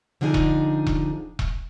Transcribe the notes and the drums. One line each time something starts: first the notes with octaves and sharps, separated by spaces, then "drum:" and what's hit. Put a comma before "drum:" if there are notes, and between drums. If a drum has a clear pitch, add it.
D3 F3 D4 D#4 G#4
drum: kick E1
drum: kick E1
drum: kick E1